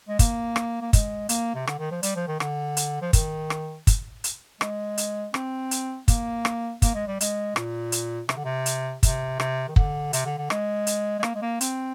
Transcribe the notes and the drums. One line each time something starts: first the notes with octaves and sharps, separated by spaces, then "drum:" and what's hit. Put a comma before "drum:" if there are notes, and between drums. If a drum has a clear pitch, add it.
G#3
A#3, drum: kick, hi-hat
drum: rim click
A#3
G#3, drum: kick, hi-hat
A#3, drum: hi-hat
C3
D3, drum: rim click
D#3
F3
G3, drum: hi-hat
F3
D#3
D3, drum: rim click
drum: hi-hat
F3
D#3, drum: kick, hi-hat
drum: rim click
drum: kick, hi-hat
drum: hi-hat
G#3, drum: rim click
drum: hi-hat
C4, drum: rim click
drum: hi-hat
A#3, drum: kick, hi-hat
drum: rim click
A#3, drum: kick, hi-hat
G#3
G3
G#3, drum: hi-hat
A#2, drum: rim click
drum: hi-hat
C3, drum: rim click
D3
C3
drum: hi-hat
C3, drum: kick, hi-hat
C3, drum: rim click
D#3
D3, drum: kick
C3, drum: hi-hat
D3
D3
G#3, drum: rim click
drum: hi-hat
G#3
A#3, drum: rim click
G#3
A#3
C4, drum: hi-hat